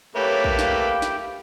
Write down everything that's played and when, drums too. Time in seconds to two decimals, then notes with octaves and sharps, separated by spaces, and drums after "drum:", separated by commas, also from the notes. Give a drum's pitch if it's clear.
0.16 A3 A#3 G4 B4 C#5
0.44 drum: kick
0.59 F5, drum: snare
1.02 drum: snare